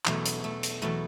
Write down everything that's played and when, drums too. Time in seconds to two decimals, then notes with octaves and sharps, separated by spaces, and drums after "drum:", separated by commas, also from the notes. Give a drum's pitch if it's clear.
0.05 E2 B2 F#3 A3, drum: clap
0.26 drum: hi-hat
0.44 A3
0.63 drum: hi-hat
0.82 E2 B2 F#3 A3